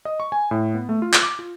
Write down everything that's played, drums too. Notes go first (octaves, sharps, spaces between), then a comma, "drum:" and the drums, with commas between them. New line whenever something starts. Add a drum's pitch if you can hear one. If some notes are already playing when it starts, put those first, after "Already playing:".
D#5
C#6
G#5
A2
B3
A3
F4
drum: clap
D6
F4